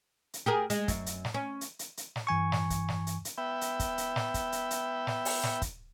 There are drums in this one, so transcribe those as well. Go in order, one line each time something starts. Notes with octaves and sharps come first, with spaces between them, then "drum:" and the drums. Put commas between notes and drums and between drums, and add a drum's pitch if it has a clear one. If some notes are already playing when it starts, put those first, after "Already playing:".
drum: hi-hat
G4 G#4 A#4
G#3, drum: hi-hat
F#2, drum: kick, hi-hat
drum: hi-hat
drum: snare
C#4
drum: hi-hat
drum: hi-hat
drum: hi-hat
drum: snare
G2 E3 G#5 C#6
drum: snare
drum: kick, hi-hat
drum: snare
drum: hi-hat
drum: hi-hat
B3 E5 G5
drum: hi-hat
drum: kick, hi-hat
drum: hi-hat
drum: snare
drum: kick, hi-hat
drum: hi-hat
drum: hi-hat
drum: snare
drum: open hi-hat
drum: snare
drum: kick, hi-hat